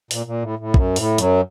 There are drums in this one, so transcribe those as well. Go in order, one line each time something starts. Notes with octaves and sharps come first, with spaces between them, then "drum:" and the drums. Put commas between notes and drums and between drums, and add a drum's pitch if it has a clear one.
A#2, drum: open hi-hat
A#2
A2
A2
F#2, drum: kick
A2, drum: open hi-hat
F#2 F#3, drum: hi-hat